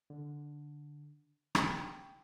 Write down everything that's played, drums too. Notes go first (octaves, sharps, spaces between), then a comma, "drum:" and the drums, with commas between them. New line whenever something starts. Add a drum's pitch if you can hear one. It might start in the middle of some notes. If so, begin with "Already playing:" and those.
D3
G5, drum: rim click